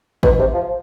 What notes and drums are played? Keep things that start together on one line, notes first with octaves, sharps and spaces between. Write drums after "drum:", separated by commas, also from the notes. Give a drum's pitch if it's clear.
B2, drum: kick G#1
C3
F3